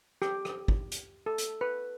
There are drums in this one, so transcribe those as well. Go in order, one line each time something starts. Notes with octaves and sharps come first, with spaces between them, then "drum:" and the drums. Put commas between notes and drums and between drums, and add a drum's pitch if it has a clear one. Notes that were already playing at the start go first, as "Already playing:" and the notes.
G4, drum: rim click
drum: rim click
drum: kick
drum: hi-hat
A4
drum: hi-hat
B4